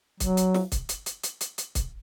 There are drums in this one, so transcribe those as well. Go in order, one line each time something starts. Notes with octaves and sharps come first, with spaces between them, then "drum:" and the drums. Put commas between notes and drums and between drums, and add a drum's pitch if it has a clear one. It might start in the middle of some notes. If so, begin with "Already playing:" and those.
F#3, drum: kick C#1, hi-hat
drum: hi-hat
drum: snare
drum: kick C#1, hi-hat
drum: hi-hat
drum: hi-hat
drum: hi-hat
drum: hi-hat
drum: hi-hat
drum: kick C#1, hi-hat